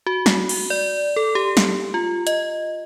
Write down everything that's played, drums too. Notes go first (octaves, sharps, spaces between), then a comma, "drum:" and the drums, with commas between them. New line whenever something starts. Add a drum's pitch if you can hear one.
F#4
drum: snare
drum: cymbal
D5
A4
G4
drum: snare
F4
D#5, drum: hi-hat